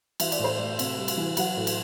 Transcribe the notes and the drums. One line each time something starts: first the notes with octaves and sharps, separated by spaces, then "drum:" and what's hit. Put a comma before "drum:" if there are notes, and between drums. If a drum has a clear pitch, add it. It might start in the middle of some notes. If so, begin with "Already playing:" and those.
E3 E5, drum: cymbal
D5, drum: cymbal
A2 C5
A3 D5
C3, drum: cymbal
G3
drum: cymbal
E3
F#3 F#5, drum: cymbal
A2
drum: cymbal